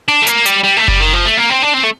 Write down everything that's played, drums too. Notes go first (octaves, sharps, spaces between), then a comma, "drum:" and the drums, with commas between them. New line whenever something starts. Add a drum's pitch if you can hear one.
D4
A3
A#3, drum: hi-hat
G3, drum: hi-hat
G3
A3
G3, drum: kick F#1
D#3
F3
A3
A#3
C4
D4
C4
A3